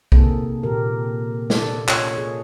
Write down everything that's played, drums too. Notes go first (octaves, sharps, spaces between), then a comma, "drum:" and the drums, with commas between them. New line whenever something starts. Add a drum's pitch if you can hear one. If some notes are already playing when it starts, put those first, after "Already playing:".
C3 A#3 C4 D#4 G#4 A4, drum: kick
A#2 D#3 G4 A#4
A4 D5, drum: snare
F4 C#5 D#5, drum: clap
G#4